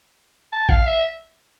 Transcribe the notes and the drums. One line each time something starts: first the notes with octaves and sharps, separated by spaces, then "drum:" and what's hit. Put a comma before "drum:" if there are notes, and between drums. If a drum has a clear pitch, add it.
A5
F5, drum: kick
E5